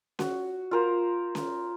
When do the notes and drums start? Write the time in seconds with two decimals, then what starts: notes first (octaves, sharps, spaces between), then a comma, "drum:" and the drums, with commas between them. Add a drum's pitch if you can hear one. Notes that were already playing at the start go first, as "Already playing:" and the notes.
0.19 F#4, drum: snare C#4
0.71 F4 A#4 C5
1.35 drum: snare C#4